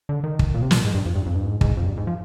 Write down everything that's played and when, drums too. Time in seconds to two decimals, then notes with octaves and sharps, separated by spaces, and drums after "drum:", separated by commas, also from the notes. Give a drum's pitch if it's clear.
0.09 D3
0.24 D#3
0.39 drum: kick
0.54 A#2
0.62 C3
0.71 A#2, drum: snare
0.84 G#2
0.95 G2
1.06 F2
1.15 G2
1.26 F2
1.36 G2
1.46 G#2
1.61 G#2, drum: kick
1.77 F2
1.86 G2
1.97 G#2
2.07 F3